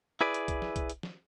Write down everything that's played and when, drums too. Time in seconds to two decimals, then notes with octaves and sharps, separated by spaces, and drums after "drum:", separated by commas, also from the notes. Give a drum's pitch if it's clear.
0.21 E4 G#4 B4 D5
0.34 drum: hi-hat
0.48 drum: kick B1, hi-hat
0.62 drum: snare
0.76 drum: kick B1, hi-hat
0.90 drum: hi-hat
1.03 drum: snare